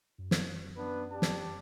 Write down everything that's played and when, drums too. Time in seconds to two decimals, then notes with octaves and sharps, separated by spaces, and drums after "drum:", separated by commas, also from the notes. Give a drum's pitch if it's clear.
0.18 F#2
0.31 drum: snare
0.77 B3 D4 B4
1.13 G4 D5 A5
1.22 drum: snare